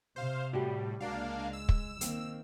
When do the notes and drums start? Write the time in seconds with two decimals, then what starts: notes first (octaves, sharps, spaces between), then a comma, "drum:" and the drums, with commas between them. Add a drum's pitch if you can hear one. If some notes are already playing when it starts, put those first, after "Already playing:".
0.16 C3 C5 F5
0.53 A2 G3 F#4 G4
1.00 C#2 G#3 A#3 D4 F#4 F5
1.53 E6
1.69 drum: kick
2.01 D#3 A#3 C4, drum: hi-hat